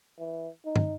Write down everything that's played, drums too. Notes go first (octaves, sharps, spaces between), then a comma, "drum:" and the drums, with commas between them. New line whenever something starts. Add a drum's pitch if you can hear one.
E3
D#4
drum: tom